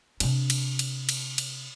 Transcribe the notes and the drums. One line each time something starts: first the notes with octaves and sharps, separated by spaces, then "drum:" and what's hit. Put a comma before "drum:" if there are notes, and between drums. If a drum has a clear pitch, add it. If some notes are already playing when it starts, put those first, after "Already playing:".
C3 D4, drum: cymbal
drum: cymbal
drum: cymbal
drum: cymbal
drum: cymbal